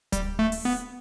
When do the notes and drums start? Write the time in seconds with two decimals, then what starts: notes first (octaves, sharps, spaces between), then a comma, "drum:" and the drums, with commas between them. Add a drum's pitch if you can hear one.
0.12 G3, drum: kick D1, hi-hat
0.39 A3
0.52 drum: open hi-hat
0.65 B3